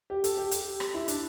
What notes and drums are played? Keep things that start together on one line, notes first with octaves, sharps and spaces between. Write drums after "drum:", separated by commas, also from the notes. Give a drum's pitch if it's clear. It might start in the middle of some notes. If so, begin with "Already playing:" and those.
G4
A4, drum: hi-hat
G4
G4, drum: hi-hat
drum: rim click
E4
D4, drum: hi-hat